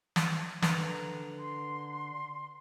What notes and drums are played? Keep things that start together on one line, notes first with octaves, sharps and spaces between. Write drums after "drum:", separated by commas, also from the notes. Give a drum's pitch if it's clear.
drum: snare
D3 B4 A#5, drum: snare
C6